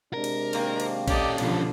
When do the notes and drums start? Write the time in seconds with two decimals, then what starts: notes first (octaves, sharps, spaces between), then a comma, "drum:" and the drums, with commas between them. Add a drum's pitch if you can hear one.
0.14 C3 G#3 D4 A#4
0.24 drum: cymbal
0.53 D#3 A#3 C4, drum: cymbal
0.80 drum: cymbal
1.08 C#4 G4 A4 D5 D#5, drum: kick, cymbal
1.38 C2 F2 B2 D3 F3, drum: cymbal